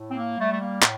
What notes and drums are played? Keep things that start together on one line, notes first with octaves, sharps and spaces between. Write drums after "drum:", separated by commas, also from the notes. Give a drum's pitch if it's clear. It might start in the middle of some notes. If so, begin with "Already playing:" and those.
Already playing: A2
C4
A#3
G3 A3
A3
A#3
A2, drum: clap